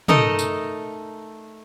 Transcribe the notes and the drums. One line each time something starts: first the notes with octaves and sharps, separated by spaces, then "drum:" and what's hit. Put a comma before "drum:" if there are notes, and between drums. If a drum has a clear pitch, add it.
A3 D#4 A4 A#4 D#5, drum: tom
drum: tambourine